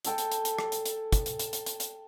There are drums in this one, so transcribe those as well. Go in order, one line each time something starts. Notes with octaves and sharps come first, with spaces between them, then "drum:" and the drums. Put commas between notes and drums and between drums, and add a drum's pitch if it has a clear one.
G#4 A4 G5 A5, drum: hi-hat
drum: hi-hat
drum: hi-hat
drum: hi-hat
drum: rim click
drum: hi-hat
drum: hi-hat
drum: kick, hi-hat
drum: hi-hat
drum: hi-hat
drum: hi-hat
drum: hi-hat
drum: hi-hat